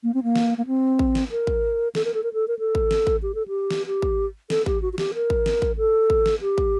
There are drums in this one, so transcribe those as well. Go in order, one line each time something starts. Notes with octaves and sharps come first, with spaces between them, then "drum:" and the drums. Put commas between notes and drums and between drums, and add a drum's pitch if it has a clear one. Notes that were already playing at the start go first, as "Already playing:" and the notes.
A#3
C4
A#3
drum: snare
A#3
C4
drum: kick
drum: snare
A#4
drum: kick
A4, drum: snare
A#4
A4
A#4
A4
A#4
A4
drum: kick
drum: snare
drum: kick
G4
A4
G4
drum: snare
G4
drum: kick
A4, drum: snare
G4, drum: kick
F#4
F#4
G4, drum: snare
A#4
drum: kick
drum: snare
drum: kick
A4
drum: kick
drum: snare
G4
drum: kick